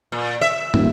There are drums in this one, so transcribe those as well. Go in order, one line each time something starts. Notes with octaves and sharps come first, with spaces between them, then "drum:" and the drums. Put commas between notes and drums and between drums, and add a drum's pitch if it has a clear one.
A#2
E5
D#1, drum: tom